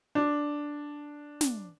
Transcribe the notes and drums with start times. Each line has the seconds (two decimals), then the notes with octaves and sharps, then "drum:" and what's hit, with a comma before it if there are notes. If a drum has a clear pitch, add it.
0.15 D4
1.41 drum: snare